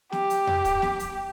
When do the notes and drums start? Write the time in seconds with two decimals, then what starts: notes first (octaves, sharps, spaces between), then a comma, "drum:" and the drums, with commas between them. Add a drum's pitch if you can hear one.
0.12 G4, drum: snare
0.30 drum: hi-hat
0.47 drum: tom E2
0.65 drum: kick, hi-hat
0.82 drum: snare
0.99 drum: hi-hat